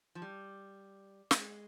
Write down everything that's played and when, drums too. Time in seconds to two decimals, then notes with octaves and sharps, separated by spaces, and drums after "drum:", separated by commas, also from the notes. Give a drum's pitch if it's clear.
0.15 F3
0.22 G3
1.31 G#3, drum: snare